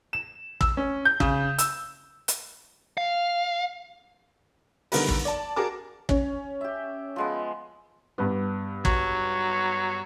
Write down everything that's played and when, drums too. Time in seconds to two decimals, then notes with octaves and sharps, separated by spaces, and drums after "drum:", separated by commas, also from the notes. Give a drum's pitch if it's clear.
0.13 E7
0.61 E6, drum: kick
0.77 C#4
1.05 G6
1.20 C#3, drum: kick
1.58 E6, drum: hi-hat
2.28 drum: hi-hat
2.98 F5
4.92 D3 D#3 G3 B3 A#4 B4, drum: open hi-hat
5.09 drum: kick
5.25 D5 A5
5.56 F#4 G#4 A#4 A5 D6
6.09 C#4, drum: kick
6.61 G4 E5
7.16 F3 G#3 B3
8.18 G2 B3
8.85 F#3, drum: kick